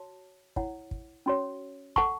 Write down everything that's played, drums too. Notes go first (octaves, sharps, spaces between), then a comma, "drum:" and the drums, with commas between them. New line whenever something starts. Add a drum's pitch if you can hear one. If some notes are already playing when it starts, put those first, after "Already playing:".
Already playing: F#4 C#5 A5
E4 C#5 F#5, drum: kick
drum: kick
C#4 F#4 C#5
A4 F#5 A5 C#6, drum: kick